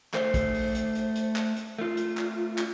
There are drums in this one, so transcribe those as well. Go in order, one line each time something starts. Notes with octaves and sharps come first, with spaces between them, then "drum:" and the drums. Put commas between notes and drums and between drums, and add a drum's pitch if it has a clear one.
A3 C5, drum: clap
drum: kick A#1, hi-hat
drum: open hi-hat
drum: hi-hat
drum: hi-hat
drum: hi-hat
drum: clap
drum: hi-hat
A3 F4
drum: hi-hat
drum: clap
drum: clap